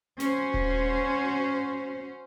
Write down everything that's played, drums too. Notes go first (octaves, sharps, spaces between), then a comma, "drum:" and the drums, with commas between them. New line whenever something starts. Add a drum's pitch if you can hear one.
C#4 F#4 C5, drum: snare
drum: kick D#1